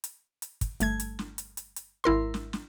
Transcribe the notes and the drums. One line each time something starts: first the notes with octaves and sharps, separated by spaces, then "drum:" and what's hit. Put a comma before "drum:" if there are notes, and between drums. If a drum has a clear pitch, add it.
drum: hi-hat
drum: hi-hat
drum: kick, hi-hat
G1 A3 G#6, drum: hi-hat
drum: hi-hat
drum: snare
drum: hi-hat
drum: hi-hat
drum: hi-hat
G#1 E4 A#4 C6
drum: snare
drum: snare